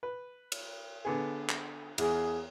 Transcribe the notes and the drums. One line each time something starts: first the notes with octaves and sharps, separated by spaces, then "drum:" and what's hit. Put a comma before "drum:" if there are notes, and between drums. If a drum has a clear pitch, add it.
B4
drum: cymbal
D3 B3 G#4
drum: clap
E2 G#4, drum: cymbal